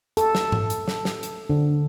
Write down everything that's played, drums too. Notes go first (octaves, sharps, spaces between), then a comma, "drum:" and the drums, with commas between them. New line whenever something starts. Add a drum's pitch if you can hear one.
A4, drum: hi-hat
drum: snare
drum: tom G#2
drum: hi-hat
drum: snare
drum: snare
drum: hi-hat
D3